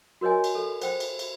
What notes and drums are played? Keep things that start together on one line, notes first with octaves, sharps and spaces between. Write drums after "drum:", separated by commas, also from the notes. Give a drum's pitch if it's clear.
F#4 A#4 C#5 D#5 G#5
drum: cymbal
A4
C5 G5, drum: cymbal
drum: cymbal
drum: cymbal